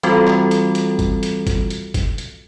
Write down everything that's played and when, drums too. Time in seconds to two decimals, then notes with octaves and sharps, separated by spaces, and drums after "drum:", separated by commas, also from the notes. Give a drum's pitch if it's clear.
0.03 E3 G3 C4 F4 F#4 A4, drum: hi-hat
0.27 drum: clap
0.51 drum: hi-hat
0.75 drum: hi-hat
0.99 drum: kick G1, hi-hat
1.23 drum: hi-hat
1.47 drum: kick G1, hi-hat
1.71 drum: hi-hat
1.94 drum: kick G1, hi-hat
2.18 drum: hi-hat